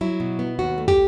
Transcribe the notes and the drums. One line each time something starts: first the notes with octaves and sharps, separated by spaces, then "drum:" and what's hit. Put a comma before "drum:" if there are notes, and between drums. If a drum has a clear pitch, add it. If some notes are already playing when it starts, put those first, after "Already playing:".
F#3 E4
B2
B3
D#2 F#4
A3
G4, drum: kick